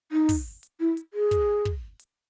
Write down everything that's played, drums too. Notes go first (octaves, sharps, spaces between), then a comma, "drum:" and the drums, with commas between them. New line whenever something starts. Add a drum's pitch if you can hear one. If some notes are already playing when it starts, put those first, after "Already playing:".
D#4
drum: kick, open hi-hat
drum: hi-hat
E4
drum: hi-hat
G#4
drum: kick, hi-hat
drum: kick
drum: hi-hat